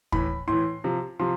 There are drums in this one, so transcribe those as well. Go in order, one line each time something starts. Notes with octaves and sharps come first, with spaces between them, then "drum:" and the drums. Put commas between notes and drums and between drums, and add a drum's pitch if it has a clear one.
A2 E3 B5, drum: kick
A2 E3 C6
C3 F3
C3 F3 C6